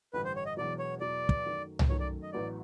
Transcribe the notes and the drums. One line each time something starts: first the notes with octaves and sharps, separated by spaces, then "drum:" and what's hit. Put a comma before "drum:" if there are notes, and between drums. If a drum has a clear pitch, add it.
A1 G2 D3 G3 B4
C5
C#5
D#5
E1 E2 B2 F#3 D5
C#5
E1 E2 B2 F#3 D5
drum: kick
F#2 D#3 F#3 A3
drum: tom C2
F#2 D#3 F#3 A3 C#5
D5
D#5
A1 A2 F#3 B3 D5